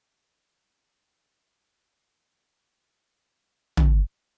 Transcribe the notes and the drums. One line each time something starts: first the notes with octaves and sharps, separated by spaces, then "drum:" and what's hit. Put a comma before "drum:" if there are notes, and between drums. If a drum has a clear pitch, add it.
B1 G3 G4 F5
A5
C#3 D#4 E4 B4 C5
B2 D3 C#4 F#4
F#5 D6 D#6 A6
C3 F3 B3 A5
F#2 G4 A4
G#5
B3 D4 G4
drum: tom